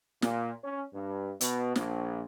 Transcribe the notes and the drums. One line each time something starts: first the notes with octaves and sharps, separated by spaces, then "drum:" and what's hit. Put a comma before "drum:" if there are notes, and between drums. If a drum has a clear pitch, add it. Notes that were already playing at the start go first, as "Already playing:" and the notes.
A#2, drum: snare
C#4
G2
B2, drum: hi-hat
A#1, drum: snare